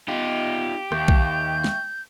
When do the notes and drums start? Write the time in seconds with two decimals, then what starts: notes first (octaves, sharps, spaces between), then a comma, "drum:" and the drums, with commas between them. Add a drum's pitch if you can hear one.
0.08 B3 D#4 F4 G4 D#5
0.92 D#2 E5 G5 C#6 G6, drum: rim click
1.08 drum: kick B1
1.64 drum: snare